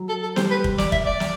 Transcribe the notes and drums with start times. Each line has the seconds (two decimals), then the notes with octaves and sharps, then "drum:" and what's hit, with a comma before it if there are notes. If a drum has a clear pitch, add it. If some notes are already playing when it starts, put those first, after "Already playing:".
Already playing: F#3
0.09 A4
0.22 A4
0.36 G3 C5, drum: snare
0.51 B4
0.64 drum: kick
0.78 D5, drum: snare
0.92 E5, drum: kick
1.06 D5
1.20 drum: snare